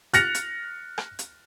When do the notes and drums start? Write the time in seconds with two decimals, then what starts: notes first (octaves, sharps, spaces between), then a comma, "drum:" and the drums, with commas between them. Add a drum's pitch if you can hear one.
0.14 F6 F#6 A6 A#6 C#7 F7, drum: hi-hat
0.35 drum: hi-hat
0.98 drum: rim click
1.19 drum: hi-hat